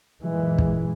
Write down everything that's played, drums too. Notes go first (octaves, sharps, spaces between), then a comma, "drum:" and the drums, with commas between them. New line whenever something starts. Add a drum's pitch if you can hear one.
F#2 A#2 E3 G#3
drum: kick